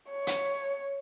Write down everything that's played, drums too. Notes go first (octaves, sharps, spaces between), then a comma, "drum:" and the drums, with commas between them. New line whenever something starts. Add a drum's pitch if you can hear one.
C#5
drum: hi-hat